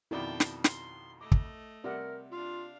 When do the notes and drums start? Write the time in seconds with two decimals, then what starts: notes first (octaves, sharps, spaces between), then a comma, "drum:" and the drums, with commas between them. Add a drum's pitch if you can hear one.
0.11 F2 B2 D#3 E4 D5 G5 A5
0.40 drum: snare
0.64 C6, drum: snare
1.21 A3 D#5 D6
1.32 drum: kick
1.84 C3 G3 A#4 D5 E5 F#5
2.31 D4 F4 F5